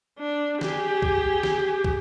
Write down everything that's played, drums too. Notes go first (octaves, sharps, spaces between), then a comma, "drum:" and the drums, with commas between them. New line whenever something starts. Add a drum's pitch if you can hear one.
D4
G4 G#4, drum: snare
drum: kick
drum: snare
drum: kick